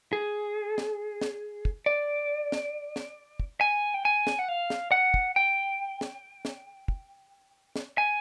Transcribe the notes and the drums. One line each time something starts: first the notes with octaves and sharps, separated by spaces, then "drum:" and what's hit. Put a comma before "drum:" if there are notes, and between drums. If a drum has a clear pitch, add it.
G#4
drum: snare
drum: snare
drum: kick
D5
drum: snare
drum: snare
drum: kick
G#5
G5
G#5
drum: snare
F#5
F5
drum: snare
F#5
drum: kick
G5
drum: snare
drum: snare
drum: kick
drum: snare
G#5